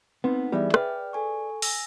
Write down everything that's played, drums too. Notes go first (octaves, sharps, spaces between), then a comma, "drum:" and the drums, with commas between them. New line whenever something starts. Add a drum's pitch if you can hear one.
A3 B3 C4 D#4 B4
E3 G3 B3 G#4 D5 E5
G#4 B4 D5 G5 F6, drum: rim click
A4 G#5 C#6
G#5 E6 A#6, drum: open hi-hat